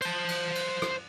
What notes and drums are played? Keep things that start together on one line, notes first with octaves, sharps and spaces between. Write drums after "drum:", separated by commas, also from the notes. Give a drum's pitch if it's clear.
C5 A5, drum: cymbal
drum: cymbal
drum: cymbal
drum: rim click